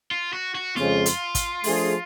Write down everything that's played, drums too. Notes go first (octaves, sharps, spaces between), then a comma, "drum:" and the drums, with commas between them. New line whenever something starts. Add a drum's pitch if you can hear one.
F4
F#4
F#4
F2 C#3 G#3 F4, drum: snare
drum: hi-hat
drum: kick, hi-hat
F3 A3 D4 G#4, drum: open hi-hat